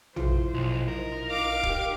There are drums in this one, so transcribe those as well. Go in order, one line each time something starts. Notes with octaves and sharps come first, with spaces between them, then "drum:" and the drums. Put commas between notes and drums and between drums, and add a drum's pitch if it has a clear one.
A#1 E4 F4 C5, drum: tom A#1
B1
D#4 A#4
F5 D6
D#4 G4, drum: kick